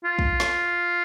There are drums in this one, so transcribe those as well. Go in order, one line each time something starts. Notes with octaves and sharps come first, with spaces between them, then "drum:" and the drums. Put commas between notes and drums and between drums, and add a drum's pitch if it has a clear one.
F4
drum: kick
drum: snare